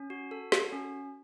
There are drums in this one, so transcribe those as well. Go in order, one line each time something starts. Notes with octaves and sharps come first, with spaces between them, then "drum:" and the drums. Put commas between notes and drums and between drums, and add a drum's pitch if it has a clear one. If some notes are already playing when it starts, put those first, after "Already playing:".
Already playing: C#4
F#4
A4
F#4, drum: snare
C#4